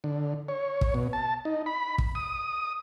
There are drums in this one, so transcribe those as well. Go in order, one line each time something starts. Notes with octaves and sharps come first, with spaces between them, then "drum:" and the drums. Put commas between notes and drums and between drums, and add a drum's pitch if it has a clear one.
D3
C#5
drum: kick
B2
A5
D#4
B5
drum: kick
D#6